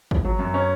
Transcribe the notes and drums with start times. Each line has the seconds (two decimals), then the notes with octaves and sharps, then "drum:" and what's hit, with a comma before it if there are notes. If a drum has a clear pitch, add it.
0.11 drum: kick
0.25 F#3
0.39 F#2
0.54 C#4